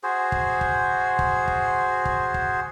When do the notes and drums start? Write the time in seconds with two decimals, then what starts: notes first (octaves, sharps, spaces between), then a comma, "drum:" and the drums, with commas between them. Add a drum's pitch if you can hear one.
0.03 F#4 G#4 C5
0.32 drum: kick
0.61 drum: kick
1.19 drum: kick
1.48 drum: kick
2.05 drum: kick
2.34 drum: kick